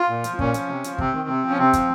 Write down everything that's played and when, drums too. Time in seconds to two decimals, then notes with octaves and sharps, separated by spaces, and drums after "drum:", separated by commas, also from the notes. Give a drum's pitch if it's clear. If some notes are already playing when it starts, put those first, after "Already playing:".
Already playing: F4
0.09 A#2
0.24 F3, drum: hi-hat
0.39 A#2 C#4, drum: kick
0.54 F3, drum: hi-hat
0.69 C3
0.84 F3, drum: hi-hat
0.98 C3 C4, drum: kick
1.14 D#3
1.28 C3
1.44 F3
1.50 C#4
1.58 C3 C4
1.73 F3, drum: kick, hi-hat